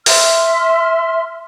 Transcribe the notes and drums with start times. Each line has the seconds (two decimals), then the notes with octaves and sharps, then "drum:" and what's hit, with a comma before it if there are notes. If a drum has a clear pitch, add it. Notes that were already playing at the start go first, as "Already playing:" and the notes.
0.06 E5 C6 F6, drum: open hi-hat